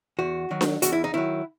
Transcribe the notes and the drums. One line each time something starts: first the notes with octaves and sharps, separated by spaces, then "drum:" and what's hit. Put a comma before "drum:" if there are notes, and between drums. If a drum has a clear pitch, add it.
E2 F#4
D#3 F#3
drum: snare D4
E2 F#4, drum: hi-hat
E4
D#4
D#3 F#3 E4